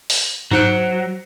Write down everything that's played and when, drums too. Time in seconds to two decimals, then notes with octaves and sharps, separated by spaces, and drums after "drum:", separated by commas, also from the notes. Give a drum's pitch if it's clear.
0.10 drum: open hi-hat
0.51 G#2 F#3 D#4 C5 F#6 C#7 D7